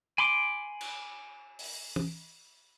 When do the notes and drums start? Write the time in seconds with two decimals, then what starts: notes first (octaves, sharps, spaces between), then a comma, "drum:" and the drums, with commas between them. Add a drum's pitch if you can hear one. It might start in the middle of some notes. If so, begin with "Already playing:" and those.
0.18 G#5 B5 C6 D6
0.81 drum: cymbal
1.59 drum: open hi-hat
1.96 drum: tom